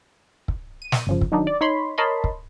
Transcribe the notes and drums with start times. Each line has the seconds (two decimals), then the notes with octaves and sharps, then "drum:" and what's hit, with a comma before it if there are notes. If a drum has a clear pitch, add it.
0.48 drum: kick
0.82 D#7
0.92 drum: snare
1.07 G1 C#3 F3
1.21 drum: kick
1.32 D#3 F#3 D4 D#4
1.47 D5
1.61 D#4 C#5 B5 C6
1.98 A#4 C#5 D#5 A5 B5 C6
2.24 drum: kick